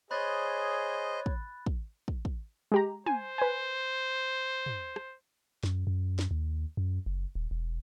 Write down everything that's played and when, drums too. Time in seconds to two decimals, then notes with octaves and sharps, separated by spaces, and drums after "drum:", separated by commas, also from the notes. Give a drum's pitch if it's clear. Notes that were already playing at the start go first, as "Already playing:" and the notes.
0.11 G#4 C5 C#5 D#5 B5 F#6 A6
1.26 drum: kick
1.66 drum: kick
2.08 drum: kick
2.25 drum: kick
2.72 G#3 G4 A#5
3.06 C5 G#5, drum: tom
3.38 B4 G#5
4.66 drum: tom
4.96 drum: rim click
5.63 F#2, drum: snare
5.87 F#2
6.19 drum: snare
6.31 D#2
6.77 F#2
7.06 F#1
7.35 D#1
7.51 E1